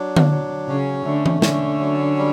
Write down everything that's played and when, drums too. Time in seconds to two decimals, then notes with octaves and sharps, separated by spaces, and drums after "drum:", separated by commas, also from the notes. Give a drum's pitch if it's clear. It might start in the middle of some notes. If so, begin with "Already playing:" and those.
Already playing: F#3 D4
0.16 drum: tom D3
0.31 F#3
0.68 C#3 C#4
1.05 D3 A3
1.26 drum: tom E3
1.42 D3 C#4, drum: snare
1.80 F#3
2.17 G3